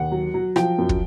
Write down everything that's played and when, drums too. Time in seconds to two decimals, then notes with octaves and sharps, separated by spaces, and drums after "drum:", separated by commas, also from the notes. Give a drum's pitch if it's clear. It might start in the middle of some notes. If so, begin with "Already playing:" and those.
Already playing: D#2 F#5
0.12 F#3
0.34 F#3
0.56 F3 G5, drum: rim click
0.78 F#2
0.89 drum: kick